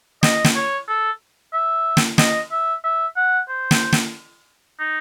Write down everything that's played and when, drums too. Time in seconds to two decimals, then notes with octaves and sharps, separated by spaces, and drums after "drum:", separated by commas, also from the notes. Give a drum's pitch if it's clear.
0.23 D#5, drum: snare
0.44 drum: snare
0.55 C#5
0.88 A4
1.53 E5
1.97 drum: snare
2.18 D#5, drum: snare
2.51 E5
2.84 E5
3.17 F#5
3.49 C5
3.71 drum: snare
3.92 drum: snare
4.79 D#4